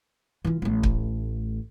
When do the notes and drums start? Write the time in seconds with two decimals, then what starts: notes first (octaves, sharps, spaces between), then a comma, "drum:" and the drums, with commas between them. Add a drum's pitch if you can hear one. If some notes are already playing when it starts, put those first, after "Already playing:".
0.45 E3 F4
0.62 A1 A3
0.83 drum: kick